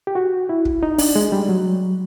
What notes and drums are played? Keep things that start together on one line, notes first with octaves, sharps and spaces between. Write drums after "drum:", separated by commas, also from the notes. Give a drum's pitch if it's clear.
G4
F#4
E4
drum: kick
D#4
D4, drum: open hi-hat
G#3
G3
F#3